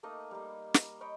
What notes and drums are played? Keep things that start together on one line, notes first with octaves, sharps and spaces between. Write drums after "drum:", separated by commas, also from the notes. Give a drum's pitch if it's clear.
A3 A#3 D#4 D#5
G3 A#3
A#5, drum: snare
C#5 D#5 G5 B5